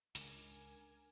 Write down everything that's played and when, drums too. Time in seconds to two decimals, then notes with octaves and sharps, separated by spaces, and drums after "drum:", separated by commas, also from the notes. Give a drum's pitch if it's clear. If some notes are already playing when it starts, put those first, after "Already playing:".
0.15 C#2 C#3 D4 A#4 G#5, drum: hi-hat